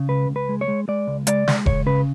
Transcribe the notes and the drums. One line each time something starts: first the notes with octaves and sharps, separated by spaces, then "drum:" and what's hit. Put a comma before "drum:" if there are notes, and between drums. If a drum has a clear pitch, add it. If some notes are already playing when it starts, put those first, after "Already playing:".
Already playing: C#3
C#2 B4
C#2
B4
G#3
C#5
G#3
G#3 D5
C#2
G#3 D5, drum: hi-hat
G#3, drum: snare
C#2 C#5, drum: kick E1
C#3 B4